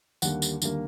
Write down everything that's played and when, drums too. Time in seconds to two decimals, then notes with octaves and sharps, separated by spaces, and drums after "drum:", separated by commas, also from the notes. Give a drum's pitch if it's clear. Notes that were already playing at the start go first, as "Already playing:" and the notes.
0.22 D#2 D3 G3 A#3 F#5, drum: tambourine
0.42 drum: tambourine
0.62 D#2 D3 G3 A#3, drum: tambourine